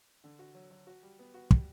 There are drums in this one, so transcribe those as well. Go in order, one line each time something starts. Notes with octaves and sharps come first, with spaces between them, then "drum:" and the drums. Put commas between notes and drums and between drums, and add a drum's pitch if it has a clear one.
D3
F#4
F#3
F#3
F#4
G3
B3
F#4
G3, drum: kick